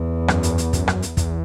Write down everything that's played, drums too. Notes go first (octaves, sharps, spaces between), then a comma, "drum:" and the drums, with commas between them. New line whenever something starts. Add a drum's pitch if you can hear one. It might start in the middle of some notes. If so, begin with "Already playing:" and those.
Already playing: E2
F#2, drum: rim click
drum: hi-hat
drum: hi-hat
F#2, drum: kick, hi-hat
drum: rim click
drum: hi-hat
E2, drum: kick, hi-hat